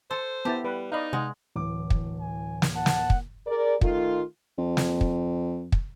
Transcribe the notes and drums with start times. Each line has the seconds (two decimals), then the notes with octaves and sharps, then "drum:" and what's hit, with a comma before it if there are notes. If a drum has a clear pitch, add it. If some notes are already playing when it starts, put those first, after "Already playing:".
0.11 A4 C5 C6
0.45 B3 E4 G4 A5 A6
0.64 G3 B4
0.92 D#4 D5 D#5 F5 A#5 B5
1.13 C3 G#3 F#5
1.56 D1 E3 D6
1.90 drum: kick
2.20 G#5
2.62 drum: snare
2.75 F#5 A5
2.86 drum: snare
3.10 drum: kick
3.47 G#4 A#4 D5
3.81 D#3 A3 F4, drum: kick
4.58 F2
4.77 drum: snare
5.01 drum: kick
5.72 drum: kick